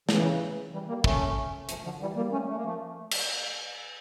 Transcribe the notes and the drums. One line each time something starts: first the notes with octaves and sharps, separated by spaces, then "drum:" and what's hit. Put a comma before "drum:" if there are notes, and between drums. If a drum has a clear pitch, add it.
C#3 E3, drum: snare
E3 G3
G3 A#3
A3 C#4, drum: kick
F3 A3, drum: hi-hat
D3 F3
E3 G3
G3 A#3
A3 C#4
A3
A#3
F3 A3
drum: cymbal